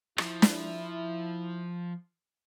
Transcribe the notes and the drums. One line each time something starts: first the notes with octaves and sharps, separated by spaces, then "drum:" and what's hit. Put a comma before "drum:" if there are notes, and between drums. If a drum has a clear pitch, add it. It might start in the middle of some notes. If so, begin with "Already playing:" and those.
F3 E4, drum: rim click
drum: snare